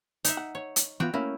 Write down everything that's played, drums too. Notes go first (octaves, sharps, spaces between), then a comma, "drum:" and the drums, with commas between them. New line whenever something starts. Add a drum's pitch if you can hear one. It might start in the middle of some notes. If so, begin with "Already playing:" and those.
D#4 E5, drum: hi-hat
F#5
C#5
drum: hi-hat
E3 B3 F4 F#4 G5 A#5
A3 A#3 C#4 E4